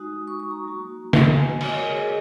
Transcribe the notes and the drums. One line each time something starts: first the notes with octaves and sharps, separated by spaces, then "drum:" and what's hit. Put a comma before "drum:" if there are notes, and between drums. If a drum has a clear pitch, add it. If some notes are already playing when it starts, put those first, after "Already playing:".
Already playing: G#3 D#4 F#4 D#6
C#6
C#6
A#5
F#3 A#3 F#4
drum: snare
G#3 F#4 G#5
D#5
C#5, drum: cymbal
A#4
G#4
G#4